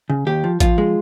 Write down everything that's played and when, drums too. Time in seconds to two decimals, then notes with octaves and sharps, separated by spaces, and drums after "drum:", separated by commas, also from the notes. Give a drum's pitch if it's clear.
0.10 C#3
0.27 D#2 G4
0.44 F3
0.60 F3 F4, drum: kick A1, hi-hat
0.78 G#3